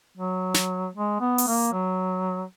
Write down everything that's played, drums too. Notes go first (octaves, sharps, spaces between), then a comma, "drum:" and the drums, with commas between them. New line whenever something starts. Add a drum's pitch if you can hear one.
F#3
drum: snare
G#3
B3
drum: open hi-hat
A#3
F#3